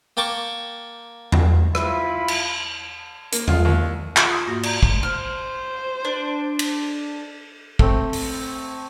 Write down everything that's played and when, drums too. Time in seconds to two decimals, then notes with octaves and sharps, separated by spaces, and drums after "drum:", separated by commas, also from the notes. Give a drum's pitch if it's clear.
0.17 A#3 G5 A5 C#6 D6
1.32 drum: tom E2
1.75 E4 F4 B5, drum: rim click
2.28 drum: cymbal
3.32 A#3, drum: hi-hat
3.48 F4, drum: tom E2
3.65 D#2
4.17 F4, drum: clap
4.30 D#6 E6
4.47 G#2 A#3 F#4 A#6
4.63 D5 A#5 G6, drum: cymbal
4.83 drum: kick
5.03 C5 F6
6.05 D4
6.59 drum: cymbal
7.79 A3 C4, drum: kick
8.13 drum: open hi-hat